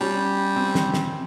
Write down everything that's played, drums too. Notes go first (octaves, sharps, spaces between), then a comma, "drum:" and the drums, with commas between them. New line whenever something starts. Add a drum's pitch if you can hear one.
G3 C#4
C4
drum: snare
drum: snare